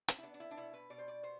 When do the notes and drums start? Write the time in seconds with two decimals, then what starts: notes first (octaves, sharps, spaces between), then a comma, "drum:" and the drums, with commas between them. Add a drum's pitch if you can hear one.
0.08 drum: hi-hat
0.18 E4
0.23 B3 D4
0.34 D4
0.40 E4
0.51 D4
0.57 B2 E4
0.73 B4
0.90 B2 D5
0.98 C5
1.08 D5
1.23 B3 C5